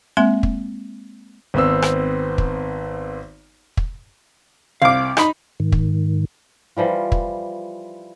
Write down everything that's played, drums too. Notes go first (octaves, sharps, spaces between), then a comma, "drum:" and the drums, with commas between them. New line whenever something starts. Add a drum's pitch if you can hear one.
G#3 A#3 C4 E5 C6
drum: kick
G#1 B3 C4 E6
drum: rim click
drum: kick
drum: kick
C2 F5 D6
D#4 B5, drum: rim click
G#2 D#3
drum: kick
E3 F3 G3 F4
drum: kick